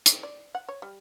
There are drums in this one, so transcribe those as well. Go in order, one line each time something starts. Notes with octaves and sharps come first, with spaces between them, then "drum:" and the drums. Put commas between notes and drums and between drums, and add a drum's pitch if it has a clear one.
drum: hi-hat
D5
F#5
C#5
G3